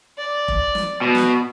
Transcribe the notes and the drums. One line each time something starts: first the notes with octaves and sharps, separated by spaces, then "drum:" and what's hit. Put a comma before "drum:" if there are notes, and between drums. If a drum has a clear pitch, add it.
D5
drum: kick F1
drum: snare
B2
drum: snare